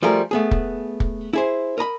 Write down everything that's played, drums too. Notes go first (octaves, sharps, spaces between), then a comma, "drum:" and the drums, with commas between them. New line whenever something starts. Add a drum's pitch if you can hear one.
F3 G3 A3 F4 G#4 A#4
A3 B3 G#4
drum: kick
drum: kick
E4 G#4 C5
A#4 D#5 A#5 B5